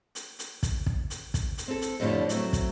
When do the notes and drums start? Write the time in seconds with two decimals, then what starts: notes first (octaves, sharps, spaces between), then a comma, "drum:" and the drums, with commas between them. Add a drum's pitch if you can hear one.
0.15 drum: hi-hat
0.39 drum: hi-hat
0.63 drum: kick, hi-hat
0.86 drum: kick
1.10 drum: hi-hat
1.34 drum: kick, hi-hat
1.58 drum: hi-hat
1.68 C4 A4
1.82 drum: hi-hat
2.00 F2 A2 D3 F3 G3
2.29 F#3 A3 C4, drum: hi-hat
2.53 drum: kick, hi-hat